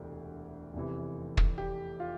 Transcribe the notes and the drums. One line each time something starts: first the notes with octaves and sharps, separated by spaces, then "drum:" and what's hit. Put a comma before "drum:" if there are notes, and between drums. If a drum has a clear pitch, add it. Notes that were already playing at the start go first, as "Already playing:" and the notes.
Already playing: E1 D2 C3 E3
F1 E2 C3 E3
drum: kick
G4
F4